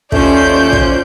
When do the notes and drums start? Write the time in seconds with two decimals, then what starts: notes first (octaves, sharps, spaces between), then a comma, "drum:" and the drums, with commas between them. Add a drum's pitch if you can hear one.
0.12 D#2 A3 C#4 F4 C5 D5 G6, drum: kick
0.73 drum: kick